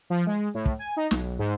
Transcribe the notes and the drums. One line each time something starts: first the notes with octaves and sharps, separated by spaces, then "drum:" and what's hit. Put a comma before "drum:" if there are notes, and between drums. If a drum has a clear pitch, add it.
F3
G#3
A2
drum: kick
G#5
D#4
B1, drum: snare
G#2